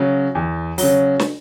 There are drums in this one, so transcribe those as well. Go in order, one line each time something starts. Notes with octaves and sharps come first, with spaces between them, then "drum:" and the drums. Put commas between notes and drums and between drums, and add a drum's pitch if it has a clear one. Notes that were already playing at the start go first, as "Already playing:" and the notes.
Already playing: C#3 F#3
E2
C#3 F#3, drum: open hi-hat
drum: snare